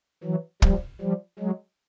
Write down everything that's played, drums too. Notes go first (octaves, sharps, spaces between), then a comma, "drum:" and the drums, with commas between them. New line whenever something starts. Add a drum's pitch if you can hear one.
E3 F#3
F3 G3, drum: kick
F3 G3
F#3 G#3